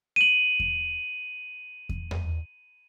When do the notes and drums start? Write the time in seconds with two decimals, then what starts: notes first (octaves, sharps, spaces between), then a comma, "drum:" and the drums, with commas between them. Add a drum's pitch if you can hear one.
0.16 D#7 F#7
0.60 drum: kick E2
1.89 drum: kick E2
2.11 drum: tom E2